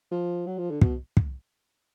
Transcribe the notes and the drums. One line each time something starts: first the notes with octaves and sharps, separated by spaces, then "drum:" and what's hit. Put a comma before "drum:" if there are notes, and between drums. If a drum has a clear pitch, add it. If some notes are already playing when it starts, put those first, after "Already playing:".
F3
F#3
F3
D3
B2, drum: kick
drum: kick